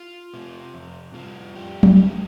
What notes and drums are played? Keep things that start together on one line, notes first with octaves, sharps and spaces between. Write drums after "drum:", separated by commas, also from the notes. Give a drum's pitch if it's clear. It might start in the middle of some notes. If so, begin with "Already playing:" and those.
Already playing: F4
C3
F2
G3 F4
F2 G4
drum: tom
G3 G4